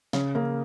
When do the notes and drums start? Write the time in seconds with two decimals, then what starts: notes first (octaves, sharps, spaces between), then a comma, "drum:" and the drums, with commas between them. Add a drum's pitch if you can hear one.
0.13 C#3 C#4, drum: snare
0.35 C#3 A#3